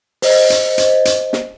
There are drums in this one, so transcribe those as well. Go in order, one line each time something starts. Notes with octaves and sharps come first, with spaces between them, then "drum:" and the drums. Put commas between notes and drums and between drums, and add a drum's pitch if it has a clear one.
C5 D#5, drum: open hi-hat
drum: hi-hat
drum: hi-hat
drum: hi-hat
drum: snare